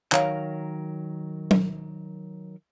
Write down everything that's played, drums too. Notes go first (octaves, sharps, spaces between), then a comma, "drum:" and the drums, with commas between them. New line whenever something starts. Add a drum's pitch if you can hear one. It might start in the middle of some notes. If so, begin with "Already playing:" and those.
D#3 F#3 A#4 C#5 F5 A#5, drum: clap
drum: tom F#3